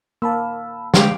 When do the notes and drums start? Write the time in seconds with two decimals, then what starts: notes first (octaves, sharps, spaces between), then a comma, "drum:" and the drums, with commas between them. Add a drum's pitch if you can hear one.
0.22 A#3 A5 B5 E6
0.94 D3 G#3 G4 F5, drum: snare